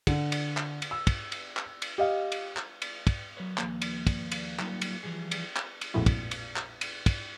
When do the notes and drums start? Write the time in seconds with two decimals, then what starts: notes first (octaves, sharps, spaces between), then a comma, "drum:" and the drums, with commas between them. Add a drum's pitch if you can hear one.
0.07 D3, drum: kick, cymbal
0.32 drum: cymbal
0.57 drum: clap
0.82 drum: cymbal
0.91 E6
1.07 drum: kick, cymbal
1.32 drum: cymbal
1.57 drum: clap
1.82 drum: cymbal
1.98 G4 D#5 F5
2.32 drum: cymbal
2.57 drum: clap
2.82 drum: cymbal
3.07 drum: kick, cymbal
3.37 F#3 A#4 B4 C#5
3.58 D#2 F3 A#3, drum: clap
3.82 drum: cymbal
4.07 drum: kick, cymbal
4.32 drum: cymbal
4.59 F#3 G3 A#3 D#4 F4 G4, drum: clap
4.81 drum: cymbal
5.03 E3 F3 G3 G#4
5.31 drum: cymbal
5.56 drum: clap
5.81 drum: cymbal
5.94 A#1 F2 A2 G#3 E4 F#4
6.06 drum: kick, cymbal
6.31 drum: cymbal
6.56 drum: clap
6.81 drum: cymbal
7.06 drum: kick, cymbal